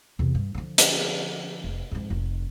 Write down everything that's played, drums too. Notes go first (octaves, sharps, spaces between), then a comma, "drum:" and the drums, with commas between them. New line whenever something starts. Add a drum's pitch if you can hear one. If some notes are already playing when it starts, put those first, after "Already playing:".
E2 C3
G2
D3 F3
drum: hi-hat
F1
F2 G#2
F1 D#3